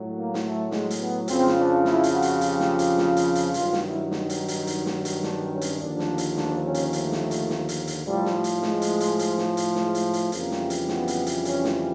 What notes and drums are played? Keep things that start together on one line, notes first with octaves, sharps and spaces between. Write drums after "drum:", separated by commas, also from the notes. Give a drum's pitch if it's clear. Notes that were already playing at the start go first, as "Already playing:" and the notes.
Already playing: A2 F#3
A#3
drum: snare
A3
G#3, drum: snare
drum: hi-hat
B3
F2 C#3 F3 C4, drum: hi-hat
drum: snare
D4
E4, drum: snare
drum: hi-hat
F#4
drum: hi-hat
G4, drum: hi-hat
drum: snare
drum: hi-hat
drum: snare
drum: hi-hat
drum: hi-hat
G2 D#3 F#3 F4, drum: hi-hat
drum: snare
E4
D#4, drum: snare
drum: hi-hat
drum: hi-hat
drum: hi-hat
drum: snare
drum: hi-hat
D4, drum: snare
C#4
drum: hi-hat
D#2 D3 F3 D4
drum: snare
drum: hi-hat
D4, drum: snare
C#4
drum: hi-hat
A3, drum: hi-hat
drum: snare
drum: hi-hat
drum: snare
drum: hi-hat
drum: hi-hat
A2 F3 G3
drum: snare
G3
drum: hi-hat
G#3, drum: snare
drum: hi-hat
drum: hi-hat
drum: hi-hat
drum: snare
drum: hi-hat
G#3, drum: snare
drum: hi-hat
drum: hi-hat
F2 C#3 E3 G3 A#3, drum: hi-hat
drum: snare
drum: hi-hat
B3, drum: snare
drum: hi-hat
drum: hi-hat
C#4, drum: hi-hat
drum: snare